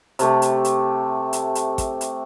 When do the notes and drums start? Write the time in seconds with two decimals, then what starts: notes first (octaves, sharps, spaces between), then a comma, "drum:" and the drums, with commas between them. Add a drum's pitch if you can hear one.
0.19 C3 A3 G4, drum: hi-hat
0.42 drum: hi-hat
0.65 drum: hi-hat
1.33 drum: hi-hat
1.55 drum: hi-hat
1.78 drum: kick, hi-hat
2.01 drum: hi-hat